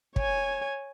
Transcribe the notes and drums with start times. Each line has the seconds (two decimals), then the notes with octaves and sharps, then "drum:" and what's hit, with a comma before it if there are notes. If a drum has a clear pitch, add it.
0.16 C#5 G#5, drum: kick